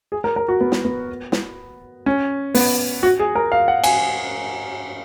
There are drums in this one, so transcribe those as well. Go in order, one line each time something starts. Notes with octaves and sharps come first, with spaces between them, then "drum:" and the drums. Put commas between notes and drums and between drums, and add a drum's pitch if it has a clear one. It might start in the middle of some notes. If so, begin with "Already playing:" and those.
G#4
A#4
A#4
F#4
B3
drum: snare
B3
drum: snare
C#4
B3, drum: open hi-hat
F#4
G#4
A#4
F5
F#5
G#5, drum: cymbal